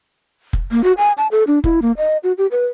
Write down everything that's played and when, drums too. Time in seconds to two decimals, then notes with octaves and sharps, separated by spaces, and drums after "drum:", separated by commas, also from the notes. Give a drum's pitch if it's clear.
0.53 drum: kick F1
0.71 A#3
0.84 F#4
0.98 G#5
1.18 A5
1.32 A4
1.47 D4
1.64 E4, drum: kick F1
1.82 A#3
1.97 D#5
2.23 F#4
2.38 G4
2.51 B4